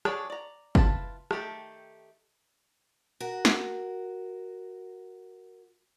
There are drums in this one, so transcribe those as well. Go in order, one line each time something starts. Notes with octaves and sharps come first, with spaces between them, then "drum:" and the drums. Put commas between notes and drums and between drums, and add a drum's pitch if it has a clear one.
D4 F#4 G#4 C#5 D5, drum: rim click
D5 A#5
E4 F4 B4 A5, drum: kick
D#3 A3 G4 A4, drum: rim click
F#4 A#4
drum: snare